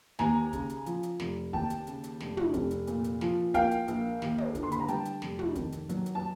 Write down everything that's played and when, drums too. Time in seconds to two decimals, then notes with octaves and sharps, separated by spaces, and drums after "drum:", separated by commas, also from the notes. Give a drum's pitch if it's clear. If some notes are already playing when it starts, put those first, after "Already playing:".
0.19 D#2 G#5 A#5, drum: snare
0.53 C#3, drum: kick, hi-hat
0.69 drum: hi-hat
0.86 F3, drum: hi-hat
1.03 drum: hi-hat
1.20 F1, drum: snare
1.53 D#2 G5 A5, drum: kick
1.70 drum: hi-hat
1.87 C#3, drum: hi-hat
2.04 drum: hi-hat
2.20 F1, drum: snare
2.37 drum: tom
2.54 F1, drum: kick, hi-hat
2.71 drum: hi-hat
2.87 A#2, drum: hi-hat
3.04 drum: hi-hat
3.21 F3, drum: snare
3.54 A#3 F5 G5, drum: kick, hi-hat
3.71 drum: hi-hat
3.88 A#1, drum: hi-hat
4.22 D#2, drum: snare
4.38 drum: tom
4.55 D3, drum: kick, hi-hat
4.63 C6
4.72 B5, drum: hi-hat
4.80 A#5
4.88 G3 G5 A5, drum: hi-hat
5.05 drum: hi-hat
5.22 F1, drum: snare
5.39 drum: tom
5.55 D#3, drum: kick, hi-hat
5.72 drum: hi-hat
5.89 F#3, drum: hi-hat
6.06 drum: hi-hat
6.15 A5